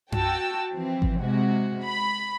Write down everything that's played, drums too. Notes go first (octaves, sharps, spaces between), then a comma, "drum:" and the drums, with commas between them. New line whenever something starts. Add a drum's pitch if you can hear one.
F#4 G5 A5 E6, drum: tom F#2
E3 F3 C4
drum: kick G#1
C3 G#3 F#4
B5